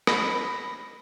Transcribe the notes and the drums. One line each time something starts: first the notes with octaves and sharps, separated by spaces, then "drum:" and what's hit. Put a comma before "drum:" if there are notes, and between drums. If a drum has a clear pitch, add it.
B5 A#6, drum: rim click